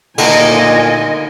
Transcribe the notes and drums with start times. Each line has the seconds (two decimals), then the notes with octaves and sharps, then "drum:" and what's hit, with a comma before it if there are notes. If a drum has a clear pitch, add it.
0.18 A#2 D3 D#3 A3 D#5 G#5, drum: cymbal